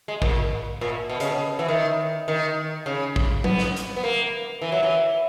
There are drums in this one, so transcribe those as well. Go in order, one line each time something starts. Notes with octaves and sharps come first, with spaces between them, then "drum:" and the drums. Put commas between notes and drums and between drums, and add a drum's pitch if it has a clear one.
G#3
A#2, drum: kick
A#2
B2
C#3, drum: hi-hat
B2
E3
D#3
D#3
C#3
drum: kick
B3, drum: tom F#3
drum: snare
drum: hi-hat
B3
A#3
E3
F#3
E3